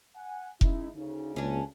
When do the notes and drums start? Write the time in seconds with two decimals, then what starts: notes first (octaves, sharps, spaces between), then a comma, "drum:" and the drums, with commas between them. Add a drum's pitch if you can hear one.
0.16 F#5 G#5
0.61 G#3 C#4 D#4 E4, drum: kick F1
0.95 D2 C#3 D#4
1.36 C#2 A#3 C#4 D4